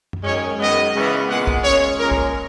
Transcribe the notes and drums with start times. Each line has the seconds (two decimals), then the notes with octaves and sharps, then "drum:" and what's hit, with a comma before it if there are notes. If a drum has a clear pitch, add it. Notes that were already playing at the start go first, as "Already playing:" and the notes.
0.13 drum: tom
0.24 F#2 D#3 G#3 C#4 C#5
0.59 F#2 D#3 G#3 B3 D#5
0.94 C#3 E3 G#3 B3
1.29 A#2 G#3 B3 F#5
1.47 drum: kick
1.64 C#3 G#3 C#4 C#5
1.98 A#2 G#3 C#4 A#4
2.11 drum: kick